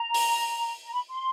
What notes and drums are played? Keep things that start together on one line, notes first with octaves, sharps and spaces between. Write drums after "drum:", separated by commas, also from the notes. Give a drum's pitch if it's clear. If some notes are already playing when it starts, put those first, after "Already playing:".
Already playing: A#5
drum: open hi-hat
A#5
B5
C6